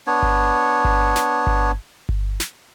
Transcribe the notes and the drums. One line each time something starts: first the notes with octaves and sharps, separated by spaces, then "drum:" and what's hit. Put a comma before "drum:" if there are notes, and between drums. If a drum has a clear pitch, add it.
B3 D4 C#5
drum: kick G1
drum: kick G1
drum: snare
drum: kick G1
drum: kick G1
drum: snare